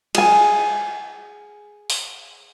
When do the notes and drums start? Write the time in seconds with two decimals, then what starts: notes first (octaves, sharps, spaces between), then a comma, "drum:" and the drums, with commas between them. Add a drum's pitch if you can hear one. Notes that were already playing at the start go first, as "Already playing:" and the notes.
0.15 G#4 G#5, drum: cymbal
1.90 drum: open hi-hat